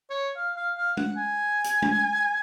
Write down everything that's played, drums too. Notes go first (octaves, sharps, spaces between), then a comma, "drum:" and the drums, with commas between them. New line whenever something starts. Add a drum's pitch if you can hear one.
C#5
F5
F5
F5
F#5, drum: tom G#3
G#5
drum: hi-hat
drum: tom G#3